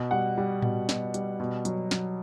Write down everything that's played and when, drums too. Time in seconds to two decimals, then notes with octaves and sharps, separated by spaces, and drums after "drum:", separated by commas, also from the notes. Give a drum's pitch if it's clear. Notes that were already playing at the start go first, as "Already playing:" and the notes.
Already playing: B2
0.11 G3 F#5
0.38 G3
0.62 B2, drum: tom A2
0.89 B2, drum: snare
1.14 G3, drum: hi-hat
1.40 B2
1.65 F#3, drum: hi-hat
1.91 F#3, drum: snare